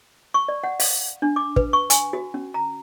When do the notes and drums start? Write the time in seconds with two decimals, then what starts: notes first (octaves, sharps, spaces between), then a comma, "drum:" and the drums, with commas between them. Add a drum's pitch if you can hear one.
0.34 C#6
0.48 D5
0.64 F#5
0.80 F5, drum: open hi-hat
1.22 D4
1.36 D6
1.56 B4, drum: kick
1.73 C#6
1.90 G#5, drum: hi-hat
2.13 F#4
2.34 C#4
2.54 A#5